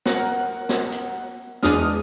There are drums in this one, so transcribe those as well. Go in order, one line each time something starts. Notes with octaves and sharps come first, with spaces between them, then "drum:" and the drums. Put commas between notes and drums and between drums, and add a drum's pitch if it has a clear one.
A#4 F#5, drum: snare
drum: snare
drum: hi-hat
E2 G#3 D4 D#6 F6, drum: snare